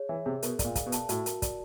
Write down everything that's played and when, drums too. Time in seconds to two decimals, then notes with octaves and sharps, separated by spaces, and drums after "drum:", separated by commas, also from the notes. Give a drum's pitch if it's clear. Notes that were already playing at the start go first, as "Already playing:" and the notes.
Already playing: G#4 C#5
0.09 E3 E5
0.26 C3 G#4
0.42 B2 A#4, drum: hi-hat
0.59 D5, drum: kick, hi-hat
0.65 A#2
0.75 F5, drum: kick, hi-hat
0.86 B2
0.92 A5, drum: hi-hat
1.09 A2 F#4, drum: hi-hat
1.26 A#4, drum: hi-hat
1.42 D5, drum: kick, hi-hat